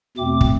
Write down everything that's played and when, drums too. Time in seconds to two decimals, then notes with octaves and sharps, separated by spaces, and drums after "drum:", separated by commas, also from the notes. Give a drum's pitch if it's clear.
0.17 E2 B2 A3 C4 D6
0.41 drum: kick